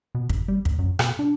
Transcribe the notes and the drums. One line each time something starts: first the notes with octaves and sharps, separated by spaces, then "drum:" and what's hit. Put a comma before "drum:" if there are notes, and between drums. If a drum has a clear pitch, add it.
B2
G1, drum: kick
G3
D2, drum: kick
F#2
B2, drum: rim click
D4